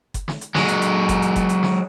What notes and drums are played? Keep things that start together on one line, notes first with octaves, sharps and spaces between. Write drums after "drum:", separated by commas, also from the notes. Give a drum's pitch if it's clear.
drum: kick F#1, hi-hat
drum: snare
drum: hi-hat
F#3 G#3, drum: snare
drum: hi-hat
drum: hi-hat
drum: kick F#1, hi-hat
drum: hi-hat
drum: kick F#1, hi-hat
drum: hi-hat
drum: snare